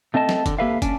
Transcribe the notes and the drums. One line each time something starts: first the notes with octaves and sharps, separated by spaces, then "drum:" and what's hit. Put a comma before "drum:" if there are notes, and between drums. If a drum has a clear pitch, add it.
A3 C4 A4 D#5 A5
drum: snare
D3, drum: kick, hi-hat
A#3 G4 A4 B4 E5 F5
C#4 D4, drum: kick, hi-hat